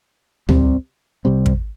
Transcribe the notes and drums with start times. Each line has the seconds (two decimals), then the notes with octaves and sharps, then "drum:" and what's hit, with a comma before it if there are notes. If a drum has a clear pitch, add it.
0.49 C2 C3 G3 C4, drum: tom D2
1.25 C2 C3 G3 C4
1.46 drum: kick